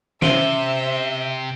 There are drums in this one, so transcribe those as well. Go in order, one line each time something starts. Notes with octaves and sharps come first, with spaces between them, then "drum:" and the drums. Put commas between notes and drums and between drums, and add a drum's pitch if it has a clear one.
C3 C#4 C5 E5 D#7 G7, drum: snare